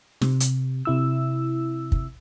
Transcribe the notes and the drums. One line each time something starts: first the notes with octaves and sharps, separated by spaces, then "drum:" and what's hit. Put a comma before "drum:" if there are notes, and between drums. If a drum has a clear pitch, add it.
C3, drum: snare
drum: hi-hat
C3 E4 E6
drum: kick